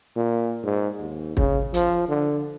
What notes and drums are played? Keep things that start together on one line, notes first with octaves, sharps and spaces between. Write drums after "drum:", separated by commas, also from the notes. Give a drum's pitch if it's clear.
A#2
G#2
D#2
C#3, drum: kick
F3, drum: hi-hat
D3